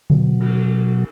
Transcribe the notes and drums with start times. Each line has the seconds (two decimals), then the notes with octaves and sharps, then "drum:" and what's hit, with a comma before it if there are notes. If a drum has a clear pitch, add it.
0.10 B2 F#3, drum: tom D3
0.40 drum: cymbal